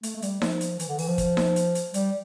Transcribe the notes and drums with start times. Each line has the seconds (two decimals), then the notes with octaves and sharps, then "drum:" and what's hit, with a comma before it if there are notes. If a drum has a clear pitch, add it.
0.03 A3, drum: hi-hat
0.16 A3
0.22 G3, drum: hi-hat
0.42 F3, drum: snare D#4
0.61 drum: hi-hat
0.80 E3, drum: hi-hat
0.89 D3
0.99 E3, drum: open hi-hat
1.08 F3
1.18 drum: kick, hi-hat
1.37 drum: snare D#4
1.56 drum: hi-hat
1.75 drum: hi-hat
1.94 G3, drum: hi-hat